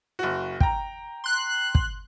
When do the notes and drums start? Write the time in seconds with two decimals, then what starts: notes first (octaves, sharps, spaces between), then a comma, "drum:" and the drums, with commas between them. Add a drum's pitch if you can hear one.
0.19 F#1 F#4
0.60 G5 A#5, drum: kick
1.24 C6 F#6
1.75 drum: kick